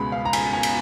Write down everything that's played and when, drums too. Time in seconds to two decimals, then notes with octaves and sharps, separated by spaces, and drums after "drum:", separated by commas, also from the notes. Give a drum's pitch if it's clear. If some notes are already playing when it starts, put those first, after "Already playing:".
Already playing: C#2 B2 G#3 B3 B5
0.12 F5
0.25 A#5
0.33 G#5, drum: cymbal
0.53 G#5
0.63 drum: cymbal